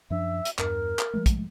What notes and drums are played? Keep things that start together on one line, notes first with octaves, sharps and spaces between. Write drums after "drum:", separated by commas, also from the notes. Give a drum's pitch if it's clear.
F#2 F3 D4 E5
drum: hi-hat
E2 G2 A#4, drum: clap
drum: clap
F3 G#3 A3
drum: kick, hi-hat